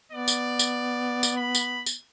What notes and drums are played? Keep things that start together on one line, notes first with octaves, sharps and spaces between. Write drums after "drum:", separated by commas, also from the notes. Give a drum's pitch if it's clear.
B3 D5
drum: tambourine
drum: tambourine
drum: tambourine
B5
drum: tambourine
drum: tambourine